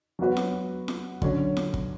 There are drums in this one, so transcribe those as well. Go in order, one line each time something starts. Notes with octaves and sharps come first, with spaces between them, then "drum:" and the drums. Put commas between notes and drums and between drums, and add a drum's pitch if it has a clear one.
F#3 B3 F#4 B4
drum: snare
drum: snare
D3 F#3 C#4, drum: kick
drum: snare
drum: kick